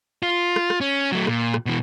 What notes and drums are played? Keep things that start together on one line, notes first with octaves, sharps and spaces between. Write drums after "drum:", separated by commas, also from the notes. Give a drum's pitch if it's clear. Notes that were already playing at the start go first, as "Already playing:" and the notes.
F4
drum: rim click
drum: rim click
C#4
F#3 A3
A#2, drum: rim click
drum: rim click
B2 E3